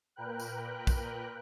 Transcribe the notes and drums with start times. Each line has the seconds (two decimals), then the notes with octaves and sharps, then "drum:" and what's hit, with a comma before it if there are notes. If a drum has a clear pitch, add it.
0.16 A#2 A#4 B4 G5 F#6
0.40 drum: tambourine
0.87 drum: kick, tambourine